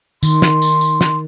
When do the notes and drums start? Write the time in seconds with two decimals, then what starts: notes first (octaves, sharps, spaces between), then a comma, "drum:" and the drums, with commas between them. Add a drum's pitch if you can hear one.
0.23 D#3 C6, drum: tambourine
0.42 drum: snare
0.62 drum: tambourine
0.81 drum: tambourine
1.01 drum: snare